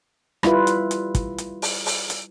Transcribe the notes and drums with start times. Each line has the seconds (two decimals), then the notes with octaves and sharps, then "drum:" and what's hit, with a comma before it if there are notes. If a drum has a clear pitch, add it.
0.43 G3 E4 F4 B4, drum: rim click
0.67 drum: hi-hat
0.91 drum: hi-hat
1.15 drum: kick, hi-hat
1.38 drum: hi-hat
1.62 drum: open hi-hat
1.86 drum: open hi-hat
2.10 drum: hi-hat